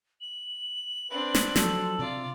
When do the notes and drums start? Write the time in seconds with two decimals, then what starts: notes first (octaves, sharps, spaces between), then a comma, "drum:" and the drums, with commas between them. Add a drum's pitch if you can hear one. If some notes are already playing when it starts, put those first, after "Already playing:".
0.21 F#7
1.11 C4 D4 B4
1.35 drum: snare
1.56 F3 F#3 A4, drum: snare
1.99 C3 F4 D5